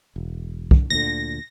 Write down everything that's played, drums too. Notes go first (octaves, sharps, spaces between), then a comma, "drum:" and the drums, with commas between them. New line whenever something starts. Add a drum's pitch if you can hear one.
E1
drum: kick
D2 A#2 D3 A#6